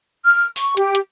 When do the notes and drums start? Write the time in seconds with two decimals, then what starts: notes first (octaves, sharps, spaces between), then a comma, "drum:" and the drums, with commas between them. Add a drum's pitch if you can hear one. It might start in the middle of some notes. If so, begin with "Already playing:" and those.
0.25 F6
0.56 C#6, drum: open hi-hat
0.77 G4, drum: hi-hat
0.95 drum: hi-hat